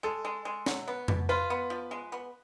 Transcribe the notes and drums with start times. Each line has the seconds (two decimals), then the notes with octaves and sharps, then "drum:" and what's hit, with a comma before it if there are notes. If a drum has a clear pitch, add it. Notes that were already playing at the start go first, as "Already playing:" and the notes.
0.03 G#3 A4
0.25 G#3
0.45 G#3
0.66 F#3, drum: snare
0.88 B3
1.08 B2, drum: tom F2
1.29 F4 B4
1.50 B3
1.70 F3
1.91 G#3
2.12 B3